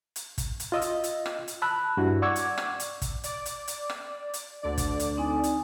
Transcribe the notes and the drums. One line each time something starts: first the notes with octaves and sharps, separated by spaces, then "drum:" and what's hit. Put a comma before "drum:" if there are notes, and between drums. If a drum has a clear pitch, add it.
drum: hi-hat
drum: kick, hi-hat
drum: hi-hat
F4 D#5 E6
drum: hi-hat
drum: hi-hat
drum: rim click
drum: hi-hat
A5 B5 E6 F#6
G2 D4 E4 F#4
D5 F#5 C#6 D6 E6 G#6
drum: hi-hat
drum: rim click
drum: hi-hat
drum: kick, hi-hat
D5, drum: hi-hat
drum: hi-hat
drum: hi-hat
drum: rim click
drum: hi-hat
D2 D3 D5
drum: kick, hi-hat
drum: hi-hat
C4 D#4 G#5
drum: hi-hat